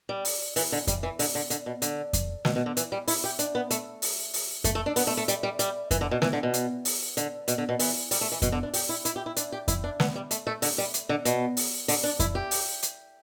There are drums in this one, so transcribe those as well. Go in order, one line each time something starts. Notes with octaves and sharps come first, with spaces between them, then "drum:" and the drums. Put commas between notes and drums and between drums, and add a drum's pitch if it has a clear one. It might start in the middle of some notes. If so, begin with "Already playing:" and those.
G3
drum: open hi-hat
E3, drum: open hi-hat
D3
G3, drum: kick F2, hi-hat
E3
D3, drum: open hi-hat
D3
D3, drum: hi-hat
B2
D3, drum: hi-hat
drum: kick F2, hi-hat
B2, drum: snare
B2
D3
E3, drum: hi-hat
G3
E4, drum: open hi-hat
G4
D4, drum: hi-hat
B3
A3, drum: hi-hat
drum: open hi-hat
drum: open hi-hat
A3, drum: kick F2, hi-hat
A3
D4
B3, drum: open hi-hat
A3
A3
G3, drum: hi-hat
G3
G3, drum: hi-hat
E3, drum: kick F2, hi-hat
D3
B2
E3, drum: snare
D3
B2
drum: hi-hat
drum: open hi-hat
D3, drum: hi-hat
B2, drum: hi-hat
D3
B2
E3, drum: open hi-hat
G3, drum: open hi-hat
A3
E3
B2, drum: kick F2, hi-hat
D3
D4
G4, drum: open hi-hat
E4
E4, drum: hi-hat
G4
E4
D4, drum: hi-hat
G4
E4, drum: kick F2, hi-hat
D4
B3, drum: snare
G3
A3, drum: hi-hat
A3
D3, drum: open hi-hat
G3
drum: hi-hat
D3
B2, drum: hi-hat
drum: open hi-hat
D3, drum: open hi-hat
D4
E4, drum: kick F2, hi-hat
G4
drum: open hi-hat
drum: hi-hat